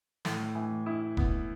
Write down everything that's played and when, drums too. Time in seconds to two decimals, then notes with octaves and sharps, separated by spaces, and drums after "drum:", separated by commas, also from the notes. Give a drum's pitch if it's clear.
0.25 A2, drum: snare
0.55 E3
0.86 E4
1.17 B3, drum: kick E1